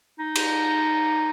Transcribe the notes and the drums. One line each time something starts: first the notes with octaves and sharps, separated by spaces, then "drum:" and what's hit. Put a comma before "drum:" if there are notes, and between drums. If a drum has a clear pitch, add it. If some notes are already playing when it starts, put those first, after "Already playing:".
D#4
drum: cymbal